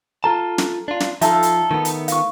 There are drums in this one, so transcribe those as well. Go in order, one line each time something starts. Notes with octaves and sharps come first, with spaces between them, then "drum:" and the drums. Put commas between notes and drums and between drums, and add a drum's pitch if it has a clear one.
F4 A4 A5 A#5
drum: snare
D4 F4
drum: snare
F3 D#4 F4 A4 E5, drum: hi-hat
drum: hi-hat
D#3 A3 B3
drum: hi-hat
F5 C#6, drum: hi-hat